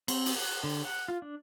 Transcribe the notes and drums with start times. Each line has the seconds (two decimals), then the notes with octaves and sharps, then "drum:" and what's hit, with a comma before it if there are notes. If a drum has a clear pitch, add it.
0.08 C4, drum: cymbal
0.26 drum: open hi-hat
0.36 F#5
0.64 D3
0.85 F#5
1.08 F4
1.22 D4